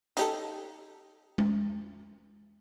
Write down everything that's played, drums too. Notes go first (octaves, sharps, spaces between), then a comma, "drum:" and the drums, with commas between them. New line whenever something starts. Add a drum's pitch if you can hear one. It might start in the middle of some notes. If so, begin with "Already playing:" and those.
D#4 G4 A4, drum: hi-hat
drum: tom G#3